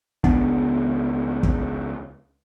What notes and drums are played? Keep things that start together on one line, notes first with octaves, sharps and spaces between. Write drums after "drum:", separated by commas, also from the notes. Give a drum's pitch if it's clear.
C#2 B3 D4, drum: kick
drum: kick